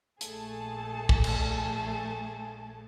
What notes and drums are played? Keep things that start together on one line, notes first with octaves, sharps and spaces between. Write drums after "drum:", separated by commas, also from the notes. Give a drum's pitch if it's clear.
A#1 A3 G#4 A4 A5, drum: hi-hat
drum: kick
drum: cymbal